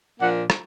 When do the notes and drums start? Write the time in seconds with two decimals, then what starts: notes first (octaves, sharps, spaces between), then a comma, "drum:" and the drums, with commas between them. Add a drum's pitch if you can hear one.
0.20 A#2 F3 A#3 D4 F#5
0.50 drum: rim click